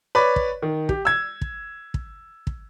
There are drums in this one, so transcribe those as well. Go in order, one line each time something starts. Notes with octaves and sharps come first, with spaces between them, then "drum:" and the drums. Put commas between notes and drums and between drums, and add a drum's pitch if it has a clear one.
B4 C#5 D5 B5
drum: kick
D#3
G4, drum: kick
E6 G#6
drum: kick
drum: kick
drum: kick